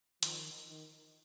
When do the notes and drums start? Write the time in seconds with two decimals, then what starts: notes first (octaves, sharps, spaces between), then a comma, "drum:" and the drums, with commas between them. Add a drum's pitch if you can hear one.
0.23 D#3 F3, drum: hi-hat
0.69 D#3